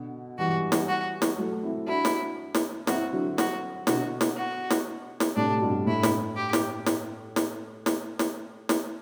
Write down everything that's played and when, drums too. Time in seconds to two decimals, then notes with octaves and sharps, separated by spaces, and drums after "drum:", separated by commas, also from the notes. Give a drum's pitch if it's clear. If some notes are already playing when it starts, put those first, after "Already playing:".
Already playing: B2 D3
0.38 E3 G3 F#4
0.72 drum: snare
0.88 F#4
1.22 drum: snare
1.38 F#3 A3
1.63 C4 E4
1.88 D4 E4 F#4
2.05 drum: snare
2.55 drum: snare
2.87 C4 E4 F#4, drum: snare
3.12 D3 F#3
3.38 F#4, drum: snare
3.87 B2 D3 F#4, drum: snare
4.21 drum: snare
4.37 F#4
4.70 drum: snare
5.20 drum: snare
5.36 A2 C3 D4
5.61 G2 B2
5.86 A2 E4
6.03 drum: snare
6.36 G4
6.53 drum: snare
6.86 drum: snare
7.36 drum: snare
7.86 drum: snare
8.19 drum: snare
8.69 drum: snare